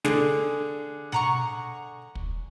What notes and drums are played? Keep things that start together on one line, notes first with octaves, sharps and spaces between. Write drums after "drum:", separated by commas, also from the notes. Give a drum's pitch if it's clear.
D3 G#4, drum: snare
F#5 A#5 C#6, drum: tom B2
drum: kick